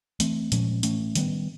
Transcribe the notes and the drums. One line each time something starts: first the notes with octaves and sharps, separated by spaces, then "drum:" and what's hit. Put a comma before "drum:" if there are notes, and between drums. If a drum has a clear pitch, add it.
E3 A3 C4, drum: hi-hat
A#2 F3 G#3 C#4, drum: hi-hat
A2 E3 A3 C#4, drum: hi-hat
D#3 G3 B3, drum: hi-hat